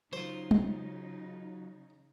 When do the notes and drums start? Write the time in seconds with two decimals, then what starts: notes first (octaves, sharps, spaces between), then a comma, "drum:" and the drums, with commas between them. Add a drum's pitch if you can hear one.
0.13 C#3 F#3 D#4 F4 C5
0.51 drum: tom G3